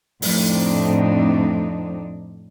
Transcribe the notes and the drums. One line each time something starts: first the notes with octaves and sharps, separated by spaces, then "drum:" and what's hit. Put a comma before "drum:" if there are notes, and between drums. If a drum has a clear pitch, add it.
F2 A2 A3 C4 D4 D#4, drum: open hi-hat